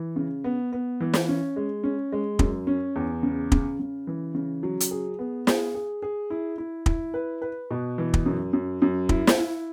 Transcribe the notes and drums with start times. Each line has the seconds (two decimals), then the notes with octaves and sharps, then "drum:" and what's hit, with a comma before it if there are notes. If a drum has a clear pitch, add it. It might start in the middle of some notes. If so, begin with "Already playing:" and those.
Already playing: E3
0.16 C#3
0.44 B3
0.72 B3
1.00 E3
1.14 drum: snare
1.28 C#4
1.56 G#3
1.84 C#4
2.12 G#3
2.39 F#2, drum: kick
2.67 C#4
2.96 E2
3.23 C#3
3.52 C#3, drum: kick
3.79 C#3
4.07 E3
4.34 C#3
4.63 F#3
4.80 drum: hi-hat
4.91 G#4
5.19 B3
5.47 G#4, drum: snare
5.74 G#4
6.02 G#4
6.30 E4
6.58 E4
6.86 E4, drum: kick
7.14 B4
7.42 B4
7.71 B2
7.98 E3
8.14 drum: kick
8.26 F#2
8.53 F#2
8.82 F#2
9.09 E4, drum: kick
9.27 drum: snare
9.38 E4